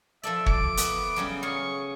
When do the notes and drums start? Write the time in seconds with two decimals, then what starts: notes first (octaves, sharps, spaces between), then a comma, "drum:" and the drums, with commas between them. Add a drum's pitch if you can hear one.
0.23 F3 A4 D5 E5
0.46 D6, drum: kick
0.77 B3 E5, drum: hi-hat
1.16 C#3 F#3 G3
1.43 G#4 F5 C#6